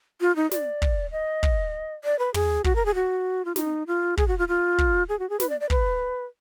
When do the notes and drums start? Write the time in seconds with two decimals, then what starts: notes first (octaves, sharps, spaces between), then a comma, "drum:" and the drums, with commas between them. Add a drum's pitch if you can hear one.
0.21 F4
0.36 D#4
0.51 D5, drum: snare
0.82 drum: kick
1.12 D#5
1.43 drum: kick
2.04 D5
2.19 B4
2.34 G#4, drum: tom
2.64 F#4, drum: kick
2.75 A#4
2.86 G#4
2.95 F#4
3.45 F4
3.56 D#4, drum: snare
3.87 F4
4.17 G#4, drum: kick
4.28 F#4
4.38 F4
4.48 F4
4.78 drum: kick
5.09 G#4
5.19 F#4
5.30 G#4
5.40 B4, drum: snare
5.49 D5
5.60 D5
5.70 B4, drum: kick